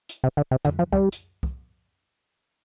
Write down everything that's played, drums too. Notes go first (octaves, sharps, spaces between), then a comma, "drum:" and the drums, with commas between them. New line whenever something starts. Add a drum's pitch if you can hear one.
drum: hi-hat
C3
D3
C3
D3, drum: tom
F3
G3, drum: kick
drum: hi-hat
drum: kick